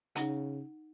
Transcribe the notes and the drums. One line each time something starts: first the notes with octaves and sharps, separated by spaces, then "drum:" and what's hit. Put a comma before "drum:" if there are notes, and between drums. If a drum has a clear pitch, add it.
C#3 D#4 F#5, drum: hi-hat